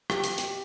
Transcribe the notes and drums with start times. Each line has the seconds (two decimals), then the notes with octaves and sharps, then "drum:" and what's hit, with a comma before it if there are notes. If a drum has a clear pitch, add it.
0.10 G4, drum: rim click
0.24 drum: hi-hat
0.38 drum: hi-hat